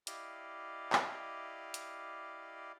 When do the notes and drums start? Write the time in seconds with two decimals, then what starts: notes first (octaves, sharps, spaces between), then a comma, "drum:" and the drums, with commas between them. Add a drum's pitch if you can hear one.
0.07 E4 G4 D5 D#5 F5, drum: hi-hat
0.93 drum: clap
1.74 drum: hi-hat